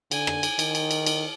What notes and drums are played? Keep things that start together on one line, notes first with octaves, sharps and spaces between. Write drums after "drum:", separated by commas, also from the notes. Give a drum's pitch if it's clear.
D3 G#5, drum: cymbal
drum: rim click
drum: cymbal
D#3, drum: cymbal
drum: cymbal
drum: cymbal
drum: cymbal